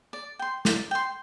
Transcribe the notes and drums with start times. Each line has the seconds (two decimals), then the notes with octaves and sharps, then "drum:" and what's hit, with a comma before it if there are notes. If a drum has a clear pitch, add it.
0.13 D5
0.39 G5 C6
0.65 D5, drum: snare
0.91 G5 C6